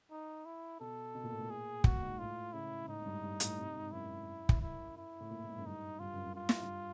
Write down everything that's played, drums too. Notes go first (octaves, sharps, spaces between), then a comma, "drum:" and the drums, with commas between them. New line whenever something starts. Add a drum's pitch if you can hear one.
D#4
E4
B2 A4
B2
A#2
A2
A#2
G#4
A#2 F#4, drum: kick
G#2
A2 F4
C#3 E4
G#2
A2 D#4
G#2
G2
G2
G#2
A2, drum: hi-hat
C3
G#2
F#2 E4
drum: kick
E4
E4
A2
A#2
A2
G#2
F#2
G2 D#4
G2 F4
F#2
G2
F4
drum: snare
G2